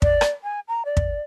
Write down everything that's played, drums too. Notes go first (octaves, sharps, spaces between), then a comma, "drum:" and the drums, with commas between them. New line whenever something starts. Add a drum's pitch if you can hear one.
D5, drum: kick
drum: rim click
G#5
A#5
D5
drum: kick